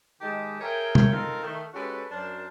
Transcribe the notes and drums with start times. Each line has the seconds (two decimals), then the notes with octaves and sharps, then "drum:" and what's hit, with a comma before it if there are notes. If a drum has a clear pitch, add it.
0.21 D#3 G#3 G4 D#5 G5 A5
0.61 G#4 A#4 C#5 E5 G5
0.95 drum: tom
1.12 C4 D#4 F4 A4 A#4
1.44 D#3 A3
1.74 G#3 C#4 F#4 G4 A4 B4
2.11 F#2 F#3 D4 A#4 C5 A5